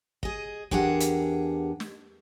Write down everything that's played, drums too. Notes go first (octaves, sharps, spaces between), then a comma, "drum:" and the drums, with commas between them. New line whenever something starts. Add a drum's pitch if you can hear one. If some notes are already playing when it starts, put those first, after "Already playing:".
G#4 D#5, drum: kick
E2 D4 G4 G#4 A#4 F#5, drum: kick
drum: hi-hat
drum: snare